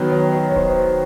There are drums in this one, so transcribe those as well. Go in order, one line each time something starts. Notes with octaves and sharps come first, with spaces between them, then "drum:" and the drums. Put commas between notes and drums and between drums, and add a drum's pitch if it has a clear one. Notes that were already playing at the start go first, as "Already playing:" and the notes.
Already playing: D#3 F#3 B3
C#5
C#5
C#5
C5, drum: kick D1